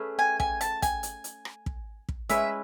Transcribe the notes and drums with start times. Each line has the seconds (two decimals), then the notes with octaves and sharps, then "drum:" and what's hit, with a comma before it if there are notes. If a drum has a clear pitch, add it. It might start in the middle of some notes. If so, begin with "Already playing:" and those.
Already playing: A3 C#4 G#4 B4
0.19 G#5
0.40 G#5, drum: kick
0.61 A5, drum: hi-hat
0.82 G#5, drum: kick, hi-hat
1.03 drum: hi-hat
1.24 drum: hi-hat
1.45 drum: rim click
1.66 drum: kick
2.09 drum: kick
2.29 G#3 C#4 E4 B4 E5, drum: hi-hat